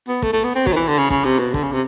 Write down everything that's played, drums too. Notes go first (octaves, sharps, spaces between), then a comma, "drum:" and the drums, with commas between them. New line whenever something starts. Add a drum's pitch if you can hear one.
B3
A3, drum: kick
A3
B3
C4
F#3, drum: kick
D#3
E3
D3
C#3
C#3, drum: kick
C3
B2
D3, drum: kick
C#3
C3